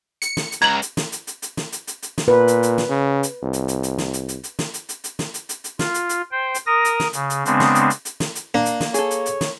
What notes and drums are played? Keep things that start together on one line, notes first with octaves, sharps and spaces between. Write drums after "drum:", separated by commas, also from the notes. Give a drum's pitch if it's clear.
C#7, drum: hi-hat
drum: snare
drum: hi-hat
C#2 A#5 G#6 F#7
drum: hi-hat
drum: snare
drum: hi-hat
drum: hi-hat
drum: hi-hat
drum: snare
drum: hi-hat
drum: hi-hat
drum: hi-hat
drum: snare
A#2 B4
drum: hi-hat
drum: hi-hat
drum: snare
C#3
drum: hi-hat
C2
drum: hi-hat
drum: hi-hat
drum: hi-hat
drum: snare
drum: hi-hat
drum: hi-hat
drum: hi-hat
drum: snare
drum: hi-hat
drum: hi-hat
drum: hi-hat
drum: snare
drum: hi-hat
drum: hi-hat
drum: hi-hat
F4, drum: snare
drum: hi-hat
drum: hi-hat
C5 G5
drum: hi-hat
A#4 D#6 A#6
drum: hi-hat
drum: snare
C#3, drum: hi-hat
drum: hi-hat
C#3 G#3 B3 C4 D4, drum: hi-hat
drum: snare
drum: hi-hat
drum: hi-hat
drum: hi-hat
drum: snare
drum: hi-hat
A#3 D4
drum: hi-hat
drum: snare
G#4 A4 C#5, drum: hi-hat
drum: hi-hat
drum: hi-hat
drum: snare